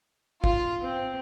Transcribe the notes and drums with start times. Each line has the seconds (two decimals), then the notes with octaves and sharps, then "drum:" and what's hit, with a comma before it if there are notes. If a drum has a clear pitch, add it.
0.44 F4, drum: kick G#1
0.84 C4